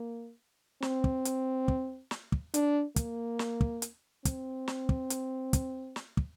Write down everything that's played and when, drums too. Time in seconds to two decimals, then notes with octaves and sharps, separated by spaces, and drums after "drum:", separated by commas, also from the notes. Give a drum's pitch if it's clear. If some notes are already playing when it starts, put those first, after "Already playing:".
Already playing: A#3
0.82 C4, drum: snare
1.04 drum: kick
1.25 drum: hi-hat
1.68 drum: kick
2.11 drum: snare
2.32 drum: kick
2.54 D4, drum: hi-hat
2.96 A#3, drum: kick, hi-hat
3.39 drum: snare
3.61 drum: kick
3.82 drum: hi-hat
4.25 C4, drum: kick, hi-hat
4.68 drum: snare
4.89 drum: kick
5.10 drum: hi-hat
5.53 drum: kick, hi-hat
5.96 drum: snare
6.17 drum: kick